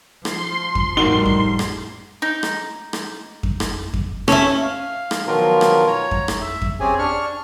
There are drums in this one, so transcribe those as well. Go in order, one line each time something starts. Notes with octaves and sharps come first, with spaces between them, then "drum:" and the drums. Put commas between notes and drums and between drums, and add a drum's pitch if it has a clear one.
F3 C6, drum: rim click
drum: kick F2
A2 F3 G3 D#4 F#4 A#4 G7
drum: kick F2
drum: rim click
D#4
drum: rim click
drum: rim click
drum: kick F2
drum: rim click
drum: kick F2
C#4 A4 E5, drum: rim click
F5
drum: rim click
B2 D#3 F3 F#3 F4 A#4
drum: rim click
C#5 A#5
drum: kick F2
drum: rim click
E5
drum: kick F2
C4 C#4 G4 G#4 G#5
D4 C#6 F6